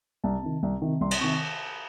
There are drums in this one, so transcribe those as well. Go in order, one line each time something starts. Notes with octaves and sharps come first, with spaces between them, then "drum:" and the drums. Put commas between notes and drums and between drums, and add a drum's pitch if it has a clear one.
C2 A5
C3 D#3
C2
C3 D#3
C2 C6
drum: cymbal
C3 D#3 C#6